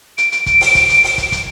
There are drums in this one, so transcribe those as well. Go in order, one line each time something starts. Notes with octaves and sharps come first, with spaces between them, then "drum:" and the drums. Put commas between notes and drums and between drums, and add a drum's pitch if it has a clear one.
D7, drum: hi-hat
drum: hi-hat
drum: kick, hi-hat
drum: open hi-hat
drum: kick, hi-hat
drum: hi-hat
drum: open hi-hat
drum: kick, hi-hat
drum: kick, hi-hat